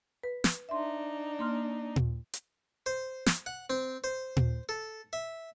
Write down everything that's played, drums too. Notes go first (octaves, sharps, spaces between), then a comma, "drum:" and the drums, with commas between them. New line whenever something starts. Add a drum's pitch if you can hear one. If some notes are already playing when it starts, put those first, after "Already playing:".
B4
drum: snare
D4 D#4 E5 C6
A#3 C6 F6
drum: tom A#2
drum: hi-hat
C5
drum: snare
F#5
C4
C5
drum: tom A#2
A4
E5